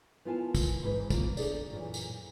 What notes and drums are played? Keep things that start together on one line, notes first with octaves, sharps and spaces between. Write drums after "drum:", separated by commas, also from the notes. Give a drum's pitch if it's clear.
B3 E4 F4 A#4 G#5 A5
drum: kick, tambourine
G#2 E3 B4
B2 A#3 F4, drum: kick, tambourine
E2 B2 D4 G#4 A4 D5, drum: tambourine
F#2 A#2 E3
drum: tambourine